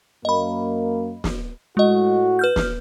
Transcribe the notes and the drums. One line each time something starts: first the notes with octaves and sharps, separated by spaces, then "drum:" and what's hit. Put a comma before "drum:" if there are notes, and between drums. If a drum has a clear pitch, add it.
F#2 A#3 D#5 B5
drum: snare
A2 G#3 F#4 D#5
B4 F6 G6
drum: snare